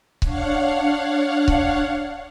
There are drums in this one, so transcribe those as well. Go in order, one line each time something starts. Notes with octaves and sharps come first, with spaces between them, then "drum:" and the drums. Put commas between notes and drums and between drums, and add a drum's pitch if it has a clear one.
D4 C#5 F5 F#5, drum: kick C#1
drum: kick C#1